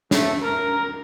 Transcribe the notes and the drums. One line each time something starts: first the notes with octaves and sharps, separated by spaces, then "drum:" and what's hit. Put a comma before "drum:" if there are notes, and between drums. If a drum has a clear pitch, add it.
A3, drum: snare
A#4